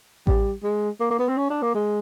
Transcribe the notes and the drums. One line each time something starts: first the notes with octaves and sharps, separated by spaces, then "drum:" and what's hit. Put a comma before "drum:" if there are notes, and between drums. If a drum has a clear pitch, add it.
G3, drum: kick A1
G#3
A#3
A#3
B3
C4
C#4
D4
A#3
G#3